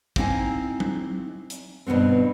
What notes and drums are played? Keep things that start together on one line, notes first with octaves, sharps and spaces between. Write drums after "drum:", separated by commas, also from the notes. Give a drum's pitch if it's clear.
A#3 C4 D#4 E4 G#5, drum: kick
drum: tom F#3
drum: hi-hat
G2 B2 D#3 B3 C4